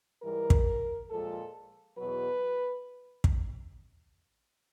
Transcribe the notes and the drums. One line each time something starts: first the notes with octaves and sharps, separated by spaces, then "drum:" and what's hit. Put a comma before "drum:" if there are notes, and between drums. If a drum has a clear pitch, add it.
G#2 E3 G3 A#4
drum: kick
A#2 F3 G#3 A4
E2 B2 F#3 B4
drum: kick